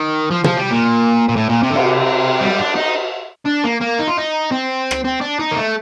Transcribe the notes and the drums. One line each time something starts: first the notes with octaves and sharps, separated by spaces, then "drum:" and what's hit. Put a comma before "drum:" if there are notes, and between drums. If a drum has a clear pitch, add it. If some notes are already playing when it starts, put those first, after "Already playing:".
Already playing: D#3
F3
F3, drum: tom
G3
A#2
A#2
A2
A#2
C3
D3
C3, drum: cymbal
G3
D4
D#4
D4
A#3
A#3
D#4
F4
D#4
C4
drum: rim click
C4
D4
D#4
A#3
A3